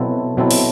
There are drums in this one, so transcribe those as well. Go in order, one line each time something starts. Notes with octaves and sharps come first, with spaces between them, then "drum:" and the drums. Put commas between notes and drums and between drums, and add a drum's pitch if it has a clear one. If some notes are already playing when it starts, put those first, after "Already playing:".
Already playing: B2 F#3 C4 E4 A4
B2 F#3 C4 E4 A4
drum: open hi-hat